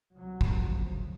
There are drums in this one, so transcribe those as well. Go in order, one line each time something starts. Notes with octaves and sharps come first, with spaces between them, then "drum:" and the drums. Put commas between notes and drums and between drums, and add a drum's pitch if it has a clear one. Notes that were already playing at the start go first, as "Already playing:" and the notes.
C2 C3 F#3
drum: kick
D2 C#3 F3